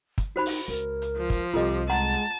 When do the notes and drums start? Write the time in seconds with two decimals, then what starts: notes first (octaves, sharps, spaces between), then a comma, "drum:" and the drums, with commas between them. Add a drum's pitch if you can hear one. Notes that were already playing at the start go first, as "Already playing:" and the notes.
0.18 drum: kick, hi-hat
0.36 D#4 F#4 C5 B5
0.46 drum: open hi-hat
0.68 C#2 A#4
1.02 drum: hi-hat
1.16 F3
1.30 drum: kick, hi-hat
1.54 C2 F4 G4 A4 D#5
1.90 G#3 F#5 A5 A#5 C6
2.14 drum: hi-hat